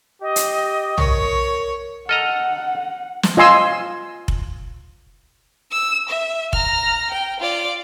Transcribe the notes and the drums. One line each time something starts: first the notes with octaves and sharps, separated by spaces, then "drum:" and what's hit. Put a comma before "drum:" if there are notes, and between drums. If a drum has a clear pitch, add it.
G4 D#5
drum: hi-hat
A#4 C#5 C#6, drum: tom B1
A4 D#5 F#5 A#5 F6
drum: snare
F4 D#5 G#5 C6 E6
drum: kick F1
E6
E5
A#5 F6, drum: kick F1
G5
F4 D5